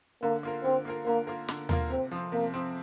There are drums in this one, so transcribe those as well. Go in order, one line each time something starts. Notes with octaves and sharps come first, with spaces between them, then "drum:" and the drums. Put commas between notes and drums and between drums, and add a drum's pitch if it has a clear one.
D3 A#3
A#3 F4 A#4
D3 C4
A#3 F4 A#4
D3 A#3
A#3 F4 A#4
D3, drum: snare
A#3 F4 A#4, drum: tom D#2
C3 C4
F3 C4
C3 A#3
F3 C4